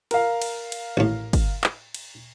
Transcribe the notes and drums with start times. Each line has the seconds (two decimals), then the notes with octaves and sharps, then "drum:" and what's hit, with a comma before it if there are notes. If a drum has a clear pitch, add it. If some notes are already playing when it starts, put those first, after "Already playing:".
0.11 A#4 F5, drum: cymbal
0.42 drum: cymbal
0.72 drum: cymbal
0.97 A1 A2
1.33 drum: kick, cymbal
1.64 drum: clap
1.94 drum: cymbal